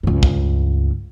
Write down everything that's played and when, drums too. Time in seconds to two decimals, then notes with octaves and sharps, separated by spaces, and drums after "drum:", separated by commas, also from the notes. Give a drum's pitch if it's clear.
0.03 C#2 G2
0.23 drum: kick